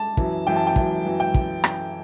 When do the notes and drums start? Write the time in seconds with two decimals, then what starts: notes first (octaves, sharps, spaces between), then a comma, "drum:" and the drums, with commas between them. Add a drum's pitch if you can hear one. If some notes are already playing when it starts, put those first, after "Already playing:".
Already playing: A5
0.17 F#2 E3, drum: kick
0.47 F#2 E3 G5
0.56 A5
0.67 G5
0.76 F#2 E3, drum: kick
1.06 F#2 E3
1.20 G5
1.34 drum: kick
1.64 drum: rim click